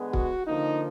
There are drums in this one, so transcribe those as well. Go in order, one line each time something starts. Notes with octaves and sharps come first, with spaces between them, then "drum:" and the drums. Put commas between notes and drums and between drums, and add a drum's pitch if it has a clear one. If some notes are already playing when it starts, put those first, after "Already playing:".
Already playing: D3 G#3 B3
F#4, drum: kick
D3 F3 A#3 D#4